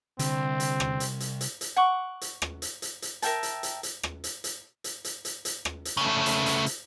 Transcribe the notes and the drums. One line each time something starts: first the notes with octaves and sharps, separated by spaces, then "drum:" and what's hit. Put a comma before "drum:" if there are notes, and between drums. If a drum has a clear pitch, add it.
C2 D3 C4, drum: hi-hat
drum: hi-hat
drum: rim click
drum: hi-hat
drum: hi-hat
drum: hi-hat
drum: hi-hat
F#5 C#6 D6
drum: hi-hat
drum: rim click
drum: hi-hat
drum: hi-hat
drum: hi-hat
A#4 E5 G5 A5, drum: hi-hat
drum: hi-hat
drum: hi-hat
drum: hi-hat
drum: rim click
drum: hi-hat
drum: hi-hat
drum: hi-hat
drum: hi-hat
drum: hi-hat
drum: hi-hat
drum: rim click
drum: hi-hat
C#3 A3
drum: hi-hat
drum: hi-hat
drum: hi-hat